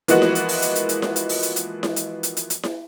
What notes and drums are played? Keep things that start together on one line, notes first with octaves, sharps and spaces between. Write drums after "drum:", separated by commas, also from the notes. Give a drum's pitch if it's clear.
E3 F3 G#3 A#3 B3 F#4, drum: hi-hat
drum: snare E4
drum: hi-hat
drum: open hi-hat
drum: hi-hat
drum: hi-hat
drum: hi-hat
drum: snare E4
drum: hi-hat
drum: open hi-hat
drum: hi-hat
drum: hi-hat
drum: snare E4
drum: hi-hat
drum: hi-hat
drum: hi-hat
drum: hi-hat
drum: snare E4